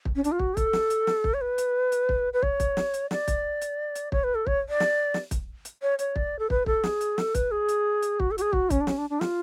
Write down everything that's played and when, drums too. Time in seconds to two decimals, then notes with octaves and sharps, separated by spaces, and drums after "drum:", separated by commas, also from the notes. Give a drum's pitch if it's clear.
0.05 drum: kick
0.16 C#4
0.24 D4, drum: hi-hat
0.32 F4
0.39 F#4, drum: kick
0.57 A4, drum: kick, hi-hat
0.73 drum: snare
0.90 drum: hi-hat
1.07 drum: snare
1.24 drum: kick
1.34 C#5
1.41 B4
1.58 drum: hi-hat
1.92 drum: hi-hat
2.09 drum: kick
2.33 B4
2.43 C#5, drum: kick
2.60 drum: kick, hi-hat
2.77 drum: snare
2.94 drum: hi-hat
3.11 D5, drum: snare
3.28 drum: kick, hi-hat
3.62 drum: hi-hat
3.95 drum: hi-hat
4.12 C#5, drum: kick
4.24 B4
4.35 A4
4.47 C#5, drum: kick
4.69 D5
4.80 drum: snare
5.14 drum: snare
5.31 drum: kick, hi-hat
5.65 drum: hi-hat
5.82 C#5
5.99 C#5, drum: hi-hat
6.16 D5, drum: kick
6.39 A4
6.50 B4, drum: kick
6.66 A4, drum: kick
6.84 G#4, drum: snare
7.01 drum: hi-hat
7.18 A4, drum: snare
7.35 B4, drum: kick, hi-hat
7.51 G#4
7.69 drum: hi-hat
8.02 drum: hi-hat
8.20 F#4, drum: kick
8.31 A4
8.38 F#4, drum: hi-hat
8.42 G#4
8.53 F#4, drum: kick
8.70 C#4, drum: kick, hi-hat
8.81 D4
8.87 C#4, drum: snare
8.98 D4
9.10 D4
9.21 F4, drum: snare